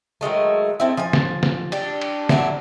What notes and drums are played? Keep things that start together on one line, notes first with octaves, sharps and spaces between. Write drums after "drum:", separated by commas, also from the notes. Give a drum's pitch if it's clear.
D#3 F#3 G#3 A3
A3 C4 E4
F3 G#5
drum: snare
drum: snare
D4 G4, drum: cymbal
drum: cymbal
F#3 D4 E4, drum: snare